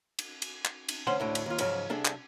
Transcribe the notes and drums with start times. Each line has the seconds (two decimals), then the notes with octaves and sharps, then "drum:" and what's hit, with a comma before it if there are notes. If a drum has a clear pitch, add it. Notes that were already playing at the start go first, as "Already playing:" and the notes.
0.19 drum: cymbal
0.42 drum: cymbal
0.65 drum: clap
0.89 drum: cymbal
1.07 D2 C#4 C5 F#5 C6
1.20 D2 A2 D3
1.35 drum: cymbal
1.46 D#2 F4
1.58 G#2 C#3 F3 F#3, drum: cymbal
1.90 C2 D4 G#4 A4
2.05 drum: clap